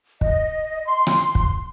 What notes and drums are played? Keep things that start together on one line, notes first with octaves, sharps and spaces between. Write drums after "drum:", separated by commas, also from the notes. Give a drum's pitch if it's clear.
D#5, drum: kick
C6
drum: rim click
drum: kick